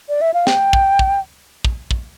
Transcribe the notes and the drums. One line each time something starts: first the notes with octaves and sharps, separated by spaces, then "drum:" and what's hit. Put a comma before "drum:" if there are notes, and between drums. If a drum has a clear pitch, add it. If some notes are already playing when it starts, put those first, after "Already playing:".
D5
E5
F5
G5, drum: snare
drum: kick
drum: kick
drum: kick
drum: kick